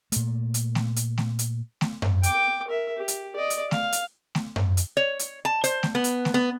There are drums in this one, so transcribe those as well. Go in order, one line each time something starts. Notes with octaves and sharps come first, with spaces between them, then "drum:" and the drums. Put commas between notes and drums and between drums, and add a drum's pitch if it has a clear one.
A#2 A3, drum: hi-hat
drum: hi-hat
drum: snare A3
drum: hi-hat
drum: snare A3
drum: hi-hat
drum: snare A3
drum: tom F#2
G5 D6, drum: hi-hat
A#4 E5
G4
drum: hi-hat
D5 D#5
drum: hi-hat
F5, drum: snare A3
drum: hi-hat
drum: snare A3
drum: tom F#2
drum: hi-hat
C#5
drum: hi-hat
A5
C5, drum: hi-hat
drum: snare A3
B3
drum: hi-hat
drum: snare A3
B3